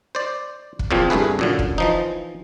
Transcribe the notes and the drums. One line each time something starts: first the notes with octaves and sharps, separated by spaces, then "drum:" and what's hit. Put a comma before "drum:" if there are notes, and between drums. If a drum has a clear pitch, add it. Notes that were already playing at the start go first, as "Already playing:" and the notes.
C5 D5
drum: kick
E2 A#2 F3 C4
C2 G2 A3 G#4 B4
F#2 A#2 D3
drum: kick
E3 F3 D#4